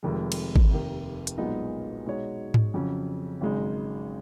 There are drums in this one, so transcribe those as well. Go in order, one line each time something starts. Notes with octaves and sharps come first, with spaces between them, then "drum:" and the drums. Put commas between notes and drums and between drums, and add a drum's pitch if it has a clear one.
F1 F2 D#3 G#3
drum: cymbal
drum: kick G#1
F1 D#2 D#3
drum: hi-hat
B1 A#2 G#3 B3 D#4
B2 G#3 D#4 F#4 C#5
drum: tom G#2
F2 C#3 F#3 C#4
G#1 F#2 C#3 G#3 D#4